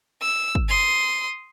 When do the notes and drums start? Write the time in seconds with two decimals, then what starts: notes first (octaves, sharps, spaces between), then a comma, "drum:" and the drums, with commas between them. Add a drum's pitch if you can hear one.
0.21 E6
0.55 drum: kick
0.69 C6 D#6